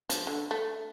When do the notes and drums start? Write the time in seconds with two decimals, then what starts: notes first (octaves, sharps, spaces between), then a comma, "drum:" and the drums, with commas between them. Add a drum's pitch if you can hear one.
0.09 F3, drum: hi-hat
0.27 D3
0.51 A3